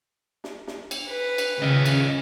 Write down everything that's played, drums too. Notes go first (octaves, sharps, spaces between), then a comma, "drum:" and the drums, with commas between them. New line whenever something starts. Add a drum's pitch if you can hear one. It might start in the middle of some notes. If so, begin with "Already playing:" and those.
drum: snare
drum: snare
drum: cymbal
B4
drum: cymbal
C#3 F4 D#5
drum: cymbal